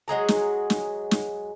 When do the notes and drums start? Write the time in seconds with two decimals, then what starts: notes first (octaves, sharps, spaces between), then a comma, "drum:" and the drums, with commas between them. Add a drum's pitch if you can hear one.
0.08 F#3 G#3 G#4 A#5
0.28 drum: snare
0.70 drum: snare
1.11 drum: snare